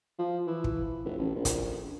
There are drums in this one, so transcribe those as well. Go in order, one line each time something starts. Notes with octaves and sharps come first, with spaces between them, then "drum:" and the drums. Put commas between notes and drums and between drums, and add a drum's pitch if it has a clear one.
F3
E3
drum: kick
F1
A1
A#1
drum: kick, hi-hat